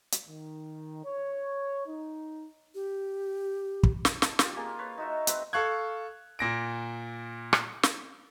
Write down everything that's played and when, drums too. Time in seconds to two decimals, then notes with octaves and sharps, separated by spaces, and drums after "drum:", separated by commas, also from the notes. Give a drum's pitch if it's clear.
0.12 drum: hi-hat
0.28 D#3
1.05 C#5
1.87 D#4
2.75 G4
3.83 drum: kick
4.05 drum: snare
4.22 A5 C6, drum: snare
4.39 F4 G4, drum: snare
4.57 A#3 G#4
4.79 B4 C#5
4.98 D#4 F#4 E5
5.27 C4 B4, drum: hi-hat
5.53 A4 F5 C#6 F#6 G#6
6.39 A#2 A#6 D7
7.53 drum: rim click
7.83 drum: snare